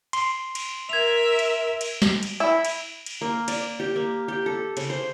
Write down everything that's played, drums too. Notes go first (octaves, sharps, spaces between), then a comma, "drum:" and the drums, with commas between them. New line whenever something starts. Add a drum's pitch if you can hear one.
C6, drum: cymbal
drum: cymbal
A#4 E5 G#6 F7
drum: cymbal
drum: cymbal
drum: snare
drum: cymbal
E4
drum: cymbal
drum: cymbal
A#3
D5, drum: cymbal
G4
A#3
G4
A4
C#3, drum: cymbal
C5